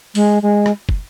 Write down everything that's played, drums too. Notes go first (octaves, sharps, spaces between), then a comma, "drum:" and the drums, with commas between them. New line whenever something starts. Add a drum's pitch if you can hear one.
G#3, drum: open hi-hat
G#3
drum: rim click
drum: kick